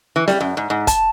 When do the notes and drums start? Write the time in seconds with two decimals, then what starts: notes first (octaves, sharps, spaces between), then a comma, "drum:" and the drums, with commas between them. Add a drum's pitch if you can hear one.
0.16 E3
0.28 G3, drum: snare
0.41 F#2
0.57 G#2
0.70 G#2
0.87 A5, drum: kick, hi-hat